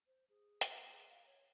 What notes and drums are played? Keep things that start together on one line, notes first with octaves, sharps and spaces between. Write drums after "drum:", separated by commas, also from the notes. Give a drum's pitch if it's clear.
C5
G#4
drum: hi-hat
G5
G#4
F5
C#5